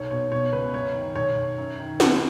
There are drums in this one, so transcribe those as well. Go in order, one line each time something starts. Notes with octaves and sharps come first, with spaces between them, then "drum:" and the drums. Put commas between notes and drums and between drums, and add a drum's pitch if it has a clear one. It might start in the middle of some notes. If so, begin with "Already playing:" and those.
Already playing: B1 C#5
B2 C#5
B2 C#5
C#2 B4
F#2 C#5
D#3
B1 C#5
B1
F#2
D#3
F#2 F#5, drum: snare